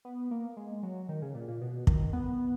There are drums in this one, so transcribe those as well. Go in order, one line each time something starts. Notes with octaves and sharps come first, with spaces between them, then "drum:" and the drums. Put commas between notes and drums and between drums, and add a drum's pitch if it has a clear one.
B3
A#3
G#3
F#3
D#3
C#3
A#2
A#2
B2
D#3, drum: kick
B3